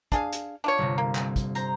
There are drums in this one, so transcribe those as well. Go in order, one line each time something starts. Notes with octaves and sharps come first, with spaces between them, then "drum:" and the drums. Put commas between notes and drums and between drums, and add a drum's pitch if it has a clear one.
D4 G#4 F5, drum: kick, hi-hat
drum: hi-hat
D4 F4 C#5
G1 C3
A#3
drum: clap
drum: kick, hi-hat
C5 A#5, drum: hi-hat